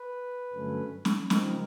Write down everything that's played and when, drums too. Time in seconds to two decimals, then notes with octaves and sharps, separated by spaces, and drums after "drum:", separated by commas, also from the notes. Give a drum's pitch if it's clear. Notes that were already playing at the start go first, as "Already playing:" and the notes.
Already playing: B4
0.53 G2 D3 F#3 A3 C#4
1.05 drum: snare
1.30 C#3 F3 G#3 C4 D#4 A#4, drum: snare